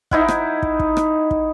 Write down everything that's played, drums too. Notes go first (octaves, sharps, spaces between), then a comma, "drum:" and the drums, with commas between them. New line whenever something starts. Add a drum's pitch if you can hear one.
D#4 E4 F#5, drum: kick
drum: rim click
drum: kick
drum: kick
drum: rim click
drum: kick